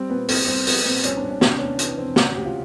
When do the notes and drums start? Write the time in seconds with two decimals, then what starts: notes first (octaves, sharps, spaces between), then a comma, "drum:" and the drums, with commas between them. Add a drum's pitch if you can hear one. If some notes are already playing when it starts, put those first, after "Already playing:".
Already playing: G3 C4
0.10 A#2 B3
0.28 C2 C4, drum: open hi-hat
0.47 C2 C4
0.67 F3 B3, drum: open hi-hat
0.85 A#2 C4
1.03 C2 C#4, drum: hi-hat
1.17 D4
1.22 C2
1.31 C#4
1.41 C3 D4, drum: snare
1.58 E2 C#4
1.79 E3, drum: hi-hat
1.98 F1 C4
2.16 C#3 C#4, drum: snare
2.26 F#4
2.36 D2 G4
2.46 F4